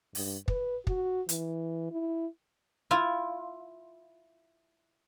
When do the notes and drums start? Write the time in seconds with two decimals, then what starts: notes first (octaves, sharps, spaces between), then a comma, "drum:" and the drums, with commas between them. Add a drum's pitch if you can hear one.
0.15 G2, drum: open hi-hat
0.48 B4, drum: kick
0.87 F#4, drum: kick
1.29 E3, drum: hi-hat
1.91 E4
2.91 E4 F4